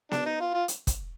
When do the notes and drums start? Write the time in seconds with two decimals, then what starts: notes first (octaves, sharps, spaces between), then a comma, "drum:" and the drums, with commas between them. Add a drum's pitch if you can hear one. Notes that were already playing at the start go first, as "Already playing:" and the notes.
0.11 D4, drum: snare B3
0.26 D#4
0.40 F4
0.54 F4
0.68 drum: hi-hat
0.87 drum: kick, hi-hat